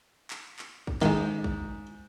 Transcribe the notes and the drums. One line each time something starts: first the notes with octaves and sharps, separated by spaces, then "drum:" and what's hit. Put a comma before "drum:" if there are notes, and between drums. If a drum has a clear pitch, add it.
drum: clap
drum: clap
drum: kick
G#2 D#3 G#3, drum: clap
drum: kick